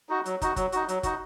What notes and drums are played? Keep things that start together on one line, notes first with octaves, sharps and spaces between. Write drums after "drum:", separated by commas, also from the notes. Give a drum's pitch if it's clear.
D#4 F#4
F#3, drum: hi-hat
D#4 F#4, drum: kick, hi-hat
F#3, drum: kick, hi-hat
D#4 F#4, drum: hi-hat
F#3, drum: hi-hat
D#4 F#4, drum: kick, hi-hat